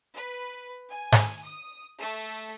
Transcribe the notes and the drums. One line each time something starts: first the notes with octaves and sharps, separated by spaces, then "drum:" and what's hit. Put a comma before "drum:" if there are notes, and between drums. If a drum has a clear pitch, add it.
B4
G#5
drum: snare G#2
D#6
A3